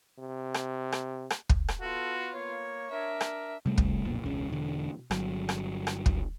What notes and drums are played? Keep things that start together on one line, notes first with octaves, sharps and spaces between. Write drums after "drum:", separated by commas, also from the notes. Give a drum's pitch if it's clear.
C3
drum: rim click
drum: rim click
drum: rim click
drum: kick
drum: rim click
B3 F4 F#4 A4
A#3 C#5
D4 A#4 E5
drum: rim click
C3 G3 A3
drum: kick
B1 F2 A#2
E1 C#2 C#3
E1 D3
G1 F#3, drum: rim click
drum: rim click
drum: rim click
drum: kick